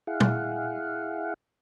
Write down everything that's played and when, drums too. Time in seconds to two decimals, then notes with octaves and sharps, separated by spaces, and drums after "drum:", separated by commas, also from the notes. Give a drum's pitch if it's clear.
0.07 E4 G#4 F5 F#5
0.20 drum: tom